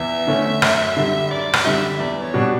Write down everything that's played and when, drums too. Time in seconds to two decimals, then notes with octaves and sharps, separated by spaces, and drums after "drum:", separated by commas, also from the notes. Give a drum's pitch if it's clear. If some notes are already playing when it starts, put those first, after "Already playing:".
Already playing: E2 E5
0.27 D3 A3 C#4
0.62 F#2, drum: rim click
0.97 D3 G3
1.31 F#2 D5
1.53 drum: rim click
1.64 D3 G3 E5
1.99 E2 D5
2.22 C#5
2.34 B2 G3 D4 F#4